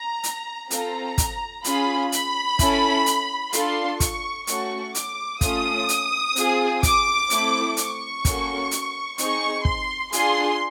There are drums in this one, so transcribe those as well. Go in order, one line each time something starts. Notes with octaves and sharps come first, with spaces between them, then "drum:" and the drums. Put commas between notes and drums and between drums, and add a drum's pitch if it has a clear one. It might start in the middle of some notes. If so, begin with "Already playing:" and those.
Already playing: A#5
drum: hi-hat
C4 F4 A4 A#5, drum: hi-hat
drum: kick, hi-hat
C#4 F4 G#4 B5, drum: hi-hat
B5, drum: hi-hat
C#4 E4 A4, drum: kick, hi-hat
drum: hi-hat
D4 F4 A4 C6, drum: hi-hat
C#6, drum: kick, hi-hat
A3 C#4 F#4 A4 C#6, drum: hi-hat
D6, drum: hi-hat
A3 C#4 F4 D#6, drum: kick, hi-hat
drum: hi-hat
C4 F4 G#4, drum: hi-hat
D6, drum: kick, hi-hat
A3 C4 E4 A4, drum: hi-hat
C#6, drum: hi-hat
A#3 C#4 F#4 A4, drum: kick, hi-hat
drum: hi-hat
C4 D#4 G#4 C#6, drum: hi-hat
C6, drum: kick
D4 F4 G#4 C6, drum: hi-hat